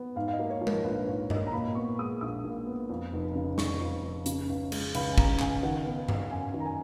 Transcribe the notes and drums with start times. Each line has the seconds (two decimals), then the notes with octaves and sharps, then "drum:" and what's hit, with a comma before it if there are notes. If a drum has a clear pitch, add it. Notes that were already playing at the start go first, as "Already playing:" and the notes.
Already playing: B3
0.16 G#2 F5
0.28 F5
0.33 D#5
0.39 A#3
0.50 C#5
0.61 F3
0.67 A#4, drum: tom G#3
0.84 A#1 B4
1.07 G#2 C#5
1.30 A#3 D#5, drum: tom G2
1.47 A#5
1.52 A#2 B5
1.75 B3 C#6
1.99 G#3 D#6
2.21 A#1 D#6
2.44 A#2
2.66 B3
2.90 F2
3.13 F1
3.35 C#3
3.58 F1 C#6, drum: snare
3.81 F2
4.03 F1
4.26 C#3, drum: hi-hat
4.49 C#2
4.72 G#3, drum: cymbal
4.94 C#2 B5, drum: cymbal
5.12 G#5
5.18 C#3 A#5, drum: kick
5.40 C#2 G#5, drum: clap
5.63 D#3 F#5
5.86 B3
6.08 F#3, drum: tom G2
6.31 F#2 G#5
6.54 D#3
6.60 A#5
6.66 G#5